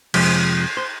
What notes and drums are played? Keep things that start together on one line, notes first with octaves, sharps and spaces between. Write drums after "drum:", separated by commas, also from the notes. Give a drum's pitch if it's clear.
F2 C3 F3 G#3 C5, drum: cymbal
C5